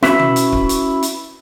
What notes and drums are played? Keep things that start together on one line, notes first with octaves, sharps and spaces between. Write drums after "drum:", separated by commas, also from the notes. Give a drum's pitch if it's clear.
C#4 E4 F#4 B4 E5, drum: snare
drum: tom
drum: hi-hat
drum: kick C#1
drum: hi-hat
drum: hi-hat